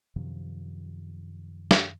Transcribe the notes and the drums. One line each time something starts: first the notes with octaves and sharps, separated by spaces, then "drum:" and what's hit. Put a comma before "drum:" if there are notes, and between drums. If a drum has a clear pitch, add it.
F#2 C3 D#3 F3
drum: snare